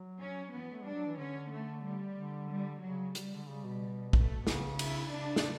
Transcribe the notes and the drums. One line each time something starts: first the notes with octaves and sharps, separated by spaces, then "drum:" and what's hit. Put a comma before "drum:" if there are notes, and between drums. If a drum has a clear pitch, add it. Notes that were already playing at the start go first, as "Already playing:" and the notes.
Already playing: F#3
C#4
E3 B3
A3
G3 D4
F#3
E3
D3 C#4
A3
G3
D3
G3
C#3 F#3
G3, drum: hi-hat
D3
C#3
B2
A3, drum: kick
C#3 B3, drum: snare
E4, drum: cymbal
C#3 D4
drum: snare